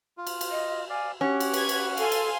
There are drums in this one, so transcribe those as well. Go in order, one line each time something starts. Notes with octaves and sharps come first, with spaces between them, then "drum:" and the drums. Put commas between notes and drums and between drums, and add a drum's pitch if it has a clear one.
F4
drum: cymbal
drum: cymbal
D#5
D5 F5 G#5
C#4 F#4 G4 F#5
drum: cymbal
B4 G#6, drum: cymbal
drum: cymbal
A4 F5 G#5 C6, drum: cymbal
drum: cymbal